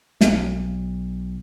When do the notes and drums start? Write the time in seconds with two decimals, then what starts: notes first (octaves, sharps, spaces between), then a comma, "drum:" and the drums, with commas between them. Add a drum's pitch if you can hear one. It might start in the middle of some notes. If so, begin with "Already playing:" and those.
0.21 B1, drum: snare